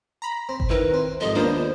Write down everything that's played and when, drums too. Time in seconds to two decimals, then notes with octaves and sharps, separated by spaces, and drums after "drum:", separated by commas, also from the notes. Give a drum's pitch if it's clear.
0.22 A#5 B5
0.49 C4
0.60 drum: kick G1
0.70 D#3 E4 A#4 B4
0.94 C4
1.21 C2 F2 G#2 D#5
1.35 D#2 A#3 B3 D4 F4 C5